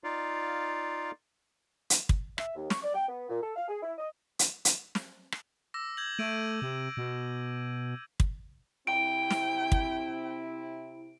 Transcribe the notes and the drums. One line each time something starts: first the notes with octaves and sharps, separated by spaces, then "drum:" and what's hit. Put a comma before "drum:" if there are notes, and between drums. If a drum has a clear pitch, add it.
D#4 F4 D5 F5
drum: hi-hat
drum: kick
E5, drum: rim click
D#2
C#6, drum: snare
D5
G5
B3
A#2
A4
F5
G#4
E4
D#5
drum: hi-hat
drum: hi-hat
drum: snare
drum: rim click
D6 E6 A#6
G6 G#6 F#7
A3 E6 D7 D#7
C3
B2
drum: kick
C3 C4 E4 G5 D7
drum: snare
drum: kick